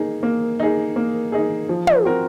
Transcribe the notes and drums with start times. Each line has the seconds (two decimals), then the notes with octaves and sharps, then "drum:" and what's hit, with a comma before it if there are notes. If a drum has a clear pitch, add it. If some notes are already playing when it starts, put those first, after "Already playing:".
Already playing: A#3 D#4 G#4
0.23 A#3
0.60 D#4 G#4
0.96 A#3
1.32 D#4 G#4
1.69 F3
1.87 drum: tom
2.05 C4 F#4 A#4